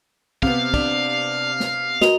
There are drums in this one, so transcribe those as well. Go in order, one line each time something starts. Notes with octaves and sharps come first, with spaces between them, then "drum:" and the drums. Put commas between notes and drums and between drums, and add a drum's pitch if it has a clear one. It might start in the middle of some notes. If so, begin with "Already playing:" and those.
C3 B3 F5, drum: kick
D4, drum: kick
drum: snare
F#4 A#4 D#5 F7, drum: snare